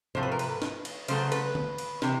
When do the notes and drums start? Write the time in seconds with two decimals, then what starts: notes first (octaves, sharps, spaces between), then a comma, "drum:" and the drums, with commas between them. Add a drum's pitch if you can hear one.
0.15 C3 F3 A3 C5, drum: tom G#2
0.23 B4
0.32 A#4
0.39 B4, drum: cymbal
0.62 drum: snare
0.85 drum: cymbal
1.08 C#3 F#3 A3 C5, drum: cymbal
1.32 B4, drum: cymbal
1.55 drum: tom D3
1.78 drum: cymbal
2.02 C3 E3, drum: snare